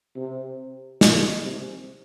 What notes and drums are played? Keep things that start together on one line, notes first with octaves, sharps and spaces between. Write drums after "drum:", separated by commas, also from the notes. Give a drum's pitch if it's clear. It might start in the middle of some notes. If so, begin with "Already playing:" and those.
C3
A#2, drum: snare
C3